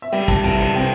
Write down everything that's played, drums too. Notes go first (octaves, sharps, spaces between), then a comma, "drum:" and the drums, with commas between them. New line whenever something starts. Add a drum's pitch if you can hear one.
E5
G3 G5, drum: cymbal
A5, drum: kick, cymbal
C2 A5, drum: cymbal
A5, drum: cymbal
C3 G5, drum: cymbal